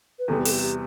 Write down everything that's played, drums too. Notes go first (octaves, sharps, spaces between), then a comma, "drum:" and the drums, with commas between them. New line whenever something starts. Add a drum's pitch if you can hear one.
B4
E2 C3 G3 B3 A4
G4
A4, drum: open hi-hat
G4
G4